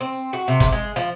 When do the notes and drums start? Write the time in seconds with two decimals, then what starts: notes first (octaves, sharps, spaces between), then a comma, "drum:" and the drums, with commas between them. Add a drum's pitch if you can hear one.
0.01 C4
0.33 F#4
0.48 C3
0.60 drum: kick G1, hi-hat
0.73 G#3
0.96 F3